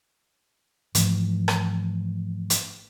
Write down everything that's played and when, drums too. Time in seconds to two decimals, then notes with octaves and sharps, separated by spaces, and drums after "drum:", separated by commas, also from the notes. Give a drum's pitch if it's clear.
0.95 G#2 E3 F3 A3, drum: hi-hat
1.48 drum: rim click
2.50 drum: hi-hat